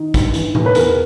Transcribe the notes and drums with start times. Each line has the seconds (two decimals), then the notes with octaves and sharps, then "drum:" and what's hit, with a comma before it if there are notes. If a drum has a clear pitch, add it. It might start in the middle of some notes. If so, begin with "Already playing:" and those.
Already playing: D#3
0.14 G2, drum: kick, hi-hat
0.34 E3, drum: hi-hat
0.55 E3, drum: tom B2
0.66 B4
0.75 E2 A#4, drum: hi-hat